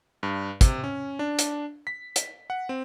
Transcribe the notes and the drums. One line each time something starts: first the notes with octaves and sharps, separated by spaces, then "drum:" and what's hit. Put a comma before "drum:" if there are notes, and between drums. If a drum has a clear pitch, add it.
G2
C3, drum: kick, hi-hat
C#4
D4
drum: hi-hat
B6
drum: hi-hat
F#5
C4